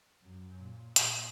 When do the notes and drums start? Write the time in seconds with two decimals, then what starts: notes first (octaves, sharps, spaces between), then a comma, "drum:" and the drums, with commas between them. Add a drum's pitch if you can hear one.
0.22 F#2
0.58 A#2
0.96 A#2, drum: hi-hat